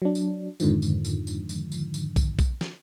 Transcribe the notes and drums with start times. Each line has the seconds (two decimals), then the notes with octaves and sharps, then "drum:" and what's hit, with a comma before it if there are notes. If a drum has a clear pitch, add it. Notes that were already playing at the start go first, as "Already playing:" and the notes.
0.02 F#3 D4
0.15 drum: tambourine
0.60 F2 G#2 D3 D#3 F3, drum: tambourine
0.82 drum: tambourine
1.05 drum: tambourine
1.27 drum: tambourine
1.49 drum: tambourine
1.72 drum: tambourine
1.94 drum: tambourine
2.16 drum: kick, tambourine
2.39 drum: kick, tambourine
2.61 drum: snare